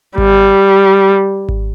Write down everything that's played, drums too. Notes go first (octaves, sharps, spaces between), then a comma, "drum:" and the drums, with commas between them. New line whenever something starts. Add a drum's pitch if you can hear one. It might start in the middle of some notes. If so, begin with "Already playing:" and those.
G3, drum: kick G#1
drum: kick G#1